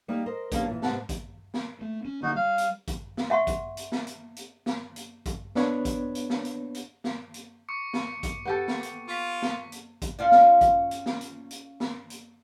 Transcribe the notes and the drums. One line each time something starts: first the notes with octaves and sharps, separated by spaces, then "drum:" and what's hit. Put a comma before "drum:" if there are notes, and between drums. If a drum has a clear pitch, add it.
G3 A#3 D#4 G4
A#4 C5 D#5
C#3 G3 A#3 B3 C#4 D4, drum: kick A1, hi-hat
A#2 E3
G#2 C3 B3 F#5 A5, drum: snare
drum: kick A1, hi-hat
drum: snare
A3
C#4
D3 G3 A#3 D#4 F#4
G3 F5
drum: hi-hat
drum: kick A1, hi-hat
drum: snare
E5 F#5 C6 C#6
drum: kick A1, hi-hat
drum: hi-hat
drum: snare
drum: hi-hat
drum: hi-hat
drum: snare
drum: hi-hat
drum: kick A1, hi-hat
B3 D4 B4 C#5 B5, drum: snare
drum: kick A1, hi-hat
drum: hi-hat
drum: snare
drum: hi-hat
drum: hi-hat
drum: snare
drum: hi-hat
C#6 D6 C#7
drum: snare
drum: kick A1, hi-hat
B3 G4 A4
drum: snare
drum: hi-hat
F4 C#6 B6
drum: snare
drum: hi-hat
drum: kick A1, hi-hat
C#4 F4 D5
drum: snare
drum: kick A1, hi-hat
drum: hi-hat
drum: snare
drum: hi-hat
drum: hi-hat
drum: snare
drum: hi-hat